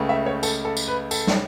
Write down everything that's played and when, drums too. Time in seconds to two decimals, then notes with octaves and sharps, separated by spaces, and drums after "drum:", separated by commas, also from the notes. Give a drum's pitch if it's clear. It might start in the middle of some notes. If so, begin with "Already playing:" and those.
Already playing: C#2 C#3 A3
0.09 E5
0.26 C#5
0.43 A4, drum: tambourine
0.65 A4
0.77 drum: tambourine
0.88 B4
1.11 A4, drum: tambourine
1.27 drum: snare